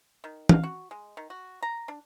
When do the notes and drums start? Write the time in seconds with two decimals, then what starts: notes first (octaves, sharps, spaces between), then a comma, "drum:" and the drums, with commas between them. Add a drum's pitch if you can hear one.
0.24 D#3
0.49 F5, drum: tom E3
0.63 F#4
0.91 G#3
1.17 D#3
1.30 F#4
1.63 A#5
1.88 D4